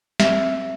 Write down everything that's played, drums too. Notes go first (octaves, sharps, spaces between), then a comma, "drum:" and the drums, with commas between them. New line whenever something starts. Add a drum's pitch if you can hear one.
C4 E5, drum: snare